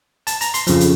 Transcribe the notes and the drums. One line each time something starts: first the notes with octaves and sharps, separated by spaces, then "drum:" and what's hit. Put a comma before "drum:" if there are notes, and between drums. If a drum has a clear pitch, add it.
A5, drum: hi-hat
A#5, drum: hi-hat
C6, drum: hi-hat
F2 C#3 F3, drum: hi-hat
drum: hi-hat